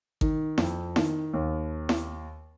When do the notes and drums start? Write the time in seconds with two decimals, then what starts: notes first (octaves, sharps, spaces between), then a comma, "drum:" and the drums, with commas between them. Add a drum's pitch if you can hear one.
0.21 D#3, drum: kick G#1
0.58 F2, drum: snare E4
0.96 D#3, drum: snare E4
1.33 D#2
1.89 drum: snare E4